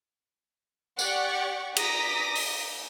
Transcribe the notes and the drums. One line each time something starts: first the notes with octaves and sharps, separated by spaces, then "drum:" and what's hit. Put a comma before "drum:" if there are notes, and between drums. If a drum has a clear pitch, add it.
G4 D5 F#5 G5 C#6, drum: tambourine
A#5 D6 D#6 A#6 B6, drum: cymbal
drum: open hi-hat